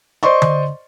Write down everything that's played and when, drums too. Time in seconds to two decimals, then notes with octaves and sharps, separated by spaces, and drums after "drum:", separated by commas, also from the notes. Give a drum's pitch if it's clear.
0.23 C5 D5 D#5 C6 C#6
0.42 drum: tom D3